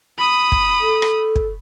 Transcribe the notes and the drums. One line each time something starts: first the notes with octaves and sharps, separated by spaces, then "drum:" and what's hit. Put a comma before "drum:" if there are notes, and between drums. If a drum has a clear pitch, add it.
B5 D#6
drum: kick
A4
drum: rim click
drum: kick